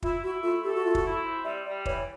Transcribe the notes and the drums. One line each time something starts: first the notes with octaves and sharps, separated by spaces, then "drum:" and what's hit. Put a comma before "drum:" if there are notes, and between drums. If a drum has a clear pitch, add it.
E4 F4, drum: kick
E4 F#4
A3 F4
G4 A4
F#4
A3 F4
F#4, drum: kick
E4
C4
G3 E5
G3 D5
E3 C#5, drum: kick